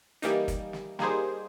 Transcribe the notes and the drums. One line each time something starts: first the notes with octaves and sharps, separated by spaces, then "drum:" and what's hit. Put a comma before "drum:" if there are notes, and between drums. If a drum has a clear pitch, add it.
E3 G3 A#3 D#4, drum: hi-hat
drum: kick, hi-hat
drum: snare
G3 A#3 D#4 G#4 C5, drum: snare